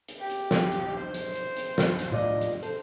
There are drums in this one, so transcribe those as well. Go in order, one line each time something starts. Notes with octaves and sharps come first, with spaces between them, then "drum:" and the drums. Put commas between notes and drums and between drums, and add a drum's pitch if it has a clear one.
drum: hi-hat
G4
drum: hi-hat
drum: snare
drum: hi-hat
C5
drum: hi-hat
drum: hi-hat
drum: hi-hat
drum: snare
drum: hi-hat
A2 F4 D5 D#5
drum: hi-hat
A4 C5, drum: hi-hat